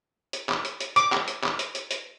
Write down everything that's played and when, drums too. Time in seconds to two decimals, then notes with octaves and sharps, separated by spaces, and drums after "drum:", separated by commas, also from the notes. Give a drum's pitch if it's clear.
0.33 drum: hi-hat
0.49 drum: clap
0.65 drum: hi-hat
0.80 drum: hi-hat
0.96 D6, drum: hi-hat
1.12 drum: clap
1.28 drum: hi-hat
1.43 drum: clap
1.59 drum: hi-hat
1.75 drum: hi-hat
1.91 drum: hi-hat